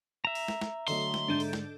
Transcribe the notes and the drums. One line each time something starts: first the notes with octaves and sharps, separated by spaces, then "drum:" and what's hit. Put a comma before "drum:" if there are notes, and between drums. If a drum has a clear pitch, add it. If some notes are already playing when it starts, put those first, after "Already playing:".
E5 A#5
drum: open hi-hat
drum: snare
drum: snare
D3 F#3 A3 A4 D#5 C6, drum: open hi-hat
drum: snare
G#2 D3 D4 A4 G6 D#7
drum: open hi-hat
drum: snare